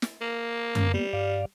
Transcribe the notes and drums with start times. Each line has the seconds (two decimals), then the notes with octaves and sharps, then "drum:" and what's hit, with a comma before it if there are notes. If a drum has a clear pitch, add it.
0.02 drum: snare
0.21 A#3
0.75 C#4, drum: tom F#2
0.94 G3 A#3 B3
1.13 G2 D5 F5